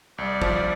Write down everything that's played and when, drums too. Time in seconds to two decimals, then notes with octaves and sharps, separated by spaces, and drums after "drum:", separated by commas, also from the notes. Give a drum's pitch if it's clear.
0.18 C2 D5
0.42 F3, drum: kick